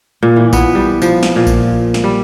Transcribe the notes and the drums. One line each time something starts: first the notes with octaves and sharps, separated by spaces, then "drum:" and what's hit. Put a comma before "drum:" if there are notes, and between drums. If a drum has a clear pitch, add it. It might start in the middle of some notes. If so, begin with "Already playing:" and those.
A#2
E3
B3, drum: kick A#1, tambourine
G3
F3, drum: tambourine
drum: snare
A#2
drum: kick A#1, tambourine
drum: snare
G3